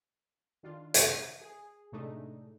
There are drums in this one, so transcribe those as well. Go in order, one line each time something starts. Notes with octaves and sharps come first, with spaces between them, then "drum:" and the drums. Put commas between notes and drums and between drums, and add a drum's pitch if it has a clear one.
D#3 D4 F4
drum: hi-hat
G#4
A2 C3 G#3 A3 D4 D#4